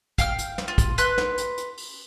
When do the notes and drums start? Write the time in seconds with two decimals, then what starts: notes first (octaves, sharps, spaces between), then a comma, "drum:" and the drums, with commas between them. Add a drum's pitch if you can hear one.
0.18 F5 G5 F6, drum: kick, hi-hat
0.38 drum: hi-hat
0.58 drum: snare
0.68 F4
0.78 drum: kick, hi-hat
0.98 B4 C6 F#6, drum: hi-hat
1.18 drum: snare
1.38 drum: hi-hat
1.57 drum: hi-hat
1.77 drum: open hi-hat